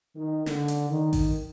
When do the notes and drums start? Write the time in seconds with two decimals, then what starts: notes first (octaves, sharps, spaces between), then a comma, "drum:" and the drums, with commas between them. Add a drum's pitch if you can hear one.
0.16 D#3
0.46 D3, drum: snare
0.68 drum: hi-hat
0.90 D#3
1.13 drum: kick A1, open hi-hat